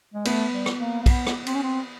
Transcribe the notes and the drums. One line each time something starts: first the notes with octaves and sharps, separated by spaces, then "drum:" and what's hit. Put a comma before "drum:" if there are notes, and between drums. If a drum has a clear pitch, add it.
G#3
A3 B3, drum: cymbal
G3
drum: rim click
A#3
A#3
B3, drum: kick, cymbal
drum: rim click
C4, drum: cymbal
C#4
C4